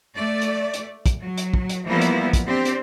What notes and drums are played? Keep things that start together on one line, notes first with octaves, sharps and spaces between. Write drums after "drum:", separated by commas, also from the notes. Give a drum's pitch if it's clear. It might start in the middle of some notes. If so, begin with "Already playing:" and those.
A3 D5
drum: hi-hat
drum: hi-hat
drum: kick, hi-hat
F#3
drum: hi-hat
drum: kick
drum: hi-hat
E3 F3 G3 A#3 B3 E4
drum: hi-hat
drum: kick, hi-hat
C4 D4 G4
drum: hi-hat